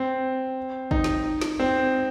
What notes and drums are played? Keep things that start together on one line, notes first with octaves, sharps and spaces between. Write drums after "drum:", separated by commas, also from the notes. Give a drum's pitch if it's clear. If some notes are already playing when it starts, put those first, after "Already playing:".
Already playing: C4
D#4, drum: kick
drum: snare
drum: snare
C4